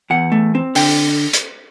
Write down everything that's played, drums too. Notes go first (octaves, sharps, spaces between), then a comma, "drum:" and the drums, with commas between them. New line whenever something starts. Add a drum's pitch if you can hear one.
E2 F#5
A3
C4
D3 G5, drum: open hi-hat
drum: hi-hat